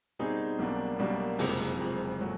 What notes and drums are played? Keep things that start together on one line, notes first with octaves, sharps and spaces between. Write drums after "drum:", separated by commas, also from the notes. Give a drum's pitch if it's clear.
B2 G3 C4 D#4 G#4
B1 B2 G3 A#3 D4
B1 B2 G3 A#3 D4
F#1 F2 C3 F3 G#3, drum: open hi-hat
F#1 F2 C3 F3 G#3
A#2 F#3 A3